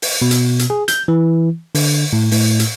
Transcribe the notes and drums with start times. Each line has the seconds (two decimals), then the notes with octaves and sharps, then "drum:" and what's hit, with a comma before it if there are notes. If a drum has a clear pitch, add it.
0.02 drum: open hi-hat
0.22 B2
0.31 drum: hi-hat
0.59 drum: hi-hat
0.70 G#4
0.88 G6, drum: hi-hat
1.08 E3
1.75 D3, drum: open hi-hat
2.13 A2
2.31 A2, drum: open hi-hat
2.59 drum: hi-hat